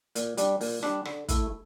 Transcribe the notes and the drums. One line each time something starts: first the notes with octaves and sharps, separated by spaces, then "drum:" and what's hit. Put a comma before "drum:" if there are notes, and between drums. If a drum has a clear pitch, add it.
A#2, drum: hi-hat
G3 D4, drum: hi-hat
A#2, drum: open hi-hat
G3 D4, drum: rim click
D3, drum: rim click
A3 E4, drum: kick, hi-hat